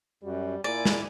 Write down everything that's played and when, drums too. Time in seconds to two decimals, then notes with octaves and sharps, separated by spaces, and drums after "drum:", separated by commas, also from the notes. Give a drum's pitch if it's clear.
0.23 F#2 G3 F#4
0.64 A#2 E4 D5 G#5
0.85 drum: snare